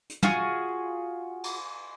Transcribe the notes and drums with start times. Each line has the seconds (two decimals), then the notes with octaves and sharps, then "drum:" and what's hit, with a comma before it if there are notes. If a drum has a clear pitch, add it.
0.09 drum: hi-hat
0.23 F4 F#4 G#4, drum: tom
1.44 drum: cymbal